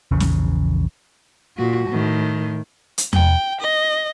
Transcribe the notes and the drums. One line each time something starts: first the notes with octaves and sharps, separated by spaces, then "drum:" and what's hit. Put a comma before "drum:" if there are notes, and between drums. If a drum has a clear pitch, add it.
A#1 E2 C#3
drum: snare
A#2 F#4
A2 D#3
drum: hi-hat
G5, drum: tom E2
D#5